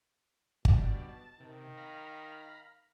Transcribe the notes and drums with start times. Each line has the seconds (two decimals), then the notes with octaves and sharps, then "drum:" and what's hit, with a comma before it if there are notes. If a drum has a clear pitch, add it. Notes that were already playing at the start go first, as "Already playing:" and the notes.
0.65 B2 G3 D4, drum: kick G1
1.08 A5
1.40 C3 D#3
1.77 F5 A#5 B5